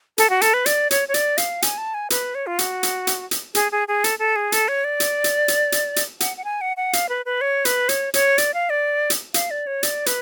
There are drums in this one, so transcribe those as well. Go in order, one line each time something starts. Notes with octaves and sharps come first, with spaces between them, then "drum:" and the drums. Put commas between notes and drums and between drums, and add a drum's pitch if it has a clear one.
A4, drum: hi-hat
F#4
A4, drum: hi-hat
B4
D5, drum: hi-hat
C#5, drum: hi-hat
C#5
D5, drum: hi-hat
F5, drum: hi-hat
G#5, drum: hi-hat
A5
G#5
B4, drum: hi-hat
C#5
F4
F#4, drum: hi-hat
drum: hi-hat
drum: hi-hat
drum: hi-hat
G#4, drum: hi-hat
G#4
G#4
A4, drum: hi-hat
A4
G#4
A4, drum: hi-hat
C#5
D5
drum: hi-hat
drum: hi-hat
drum: hi-hat
drum: hi-hat
drum: hi-hat
F#5, drum: hi-hat
F#5
G#5
F#5
F#5
F5, drum: hi-hat
B4
B4
C#5
B4, drum: hi-hat
C#5, drum: hi-hat
C#5, drum: hi-hat
D5, drum: hi-hat
F5
D5
drum: hi-hat
F5, drum: hi-hat
D5
C#5
D5, drum: hi-hat
B4, drum: hi-hat